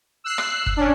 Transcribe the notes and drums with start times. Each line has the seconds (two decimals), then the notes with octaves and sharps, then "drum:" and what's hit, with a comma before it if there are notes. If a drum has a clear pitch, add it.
0.24 E6 F#6 C7
0.38 drum: rim click
0.66 drum: kick F#1
0.77 C#4 D4